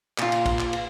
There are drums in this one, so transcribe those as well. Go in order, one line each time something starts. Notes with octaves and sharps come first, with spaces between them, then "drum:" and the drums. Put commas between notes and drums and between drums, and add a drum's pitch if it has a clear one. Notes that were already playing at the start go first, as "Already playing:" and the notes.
A#2 F4, drum: clap
drum: cymbal
drum: kick A#1, cymbal
drum: clap
drum: cymbal